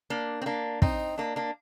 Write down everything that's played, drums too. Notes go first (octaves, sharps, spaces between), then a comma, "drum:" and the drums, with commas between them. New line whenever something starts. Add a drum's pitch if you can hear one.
A#3 D4
C4
A#3 D4
C4 D#4, drum: kick
A#3 D4
A#3 D4